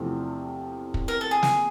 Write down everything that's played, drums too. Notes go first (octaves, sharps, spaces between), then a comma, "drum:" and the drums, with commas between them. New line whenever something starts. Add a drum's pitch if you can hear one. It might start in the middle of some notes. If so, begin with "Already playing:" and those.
Already playing: E2 C3 F3 A3 C4
drum: kick
A#4
A4
G#4
drum: snare